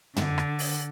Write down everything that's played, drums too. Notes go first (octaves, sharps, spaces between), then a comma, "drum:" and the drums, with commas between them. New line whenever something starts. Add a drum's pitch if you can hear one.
D3, drum: tom
drum: rim click
drum: open hi-hat